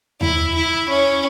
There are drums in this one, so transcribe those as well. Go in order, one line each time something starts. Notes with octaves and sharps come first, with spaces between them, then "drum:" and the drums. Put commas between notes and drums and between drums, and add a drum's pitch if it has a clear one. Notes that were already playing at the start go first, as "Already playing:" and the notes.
E4, drum: tom D#2
E4
C#4